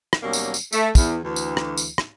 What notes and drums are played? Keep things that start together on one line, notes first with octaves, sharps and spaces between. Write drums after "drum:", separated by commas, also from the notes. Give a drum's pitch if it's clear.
drum: rim click
D#2 B2 F#3 G3 A#3 C#4
drum: tambourine
drum: tambourine
A3, drum: tambourine
E2, drum: kick, tambourine
D2 E3
drum: tambourine
drum: rim click
drum: tambourine
drum: rim click